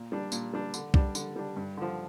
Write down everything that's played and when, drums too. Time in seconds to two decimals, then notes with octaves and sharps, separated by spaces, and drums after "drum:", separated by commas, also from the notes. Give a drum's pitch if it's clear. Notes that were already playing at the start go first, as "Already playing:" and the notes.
Already playing: A#2
0.12 G3 D4
0.32 A#2, drum: tambourine
0.53 G3 D4
0.74 D3, drum: tambourine
0.94 G3 D4, drum: kick
1.15 D3, drum: tambourine
1.36 G3 D4
1.56 G2
1.77 D3 F3